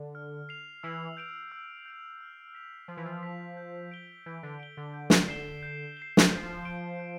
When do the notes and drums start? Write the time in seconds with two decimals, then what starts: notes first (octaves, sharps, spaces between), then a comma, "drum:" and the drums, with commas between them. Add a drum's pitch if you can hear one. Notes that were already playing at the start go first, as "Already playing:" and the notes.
Already playing: D3
0.15 F6
0.49 C7 F7
0.83 E3 E6
1.17 G6 D7 F7
1.52 E6
1.86 G6 D7 F7
2.21 F6
2.55 B6 F7
2.88 F3 F6
2.97 E3
3.05 F3
3.23 B6 F7
3.57 G6
3.91 D7 G7
4.26 E3 G6
4.43 D3
4.60 D7 G7
4.77 D3
4.94 G6
5.10 drum: snare
5.28 C7 E7 G7
5.63 G6
5.97 C7 E7 G7
6.17 drum: snare
6.31 F3 G6
6.65 D7 G7
7.00 G6